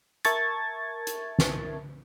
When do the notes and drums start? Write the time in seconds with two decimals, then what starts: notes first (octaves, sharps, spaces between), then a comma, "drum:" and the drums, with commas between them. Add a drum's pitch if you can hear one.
0.25 A#4 E5 A5 C#6 G#6 A6, drum: hi-hat
1.07 drum: hi-hat
1.39 drum: snare